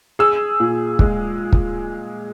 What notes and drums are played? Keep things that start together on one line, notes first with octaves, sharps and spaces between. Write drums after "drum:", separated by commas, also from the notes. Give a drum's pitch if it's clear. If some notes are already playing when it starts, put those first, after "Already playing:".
G#4 E6
A#2
G#3, drum: kick
drum: kick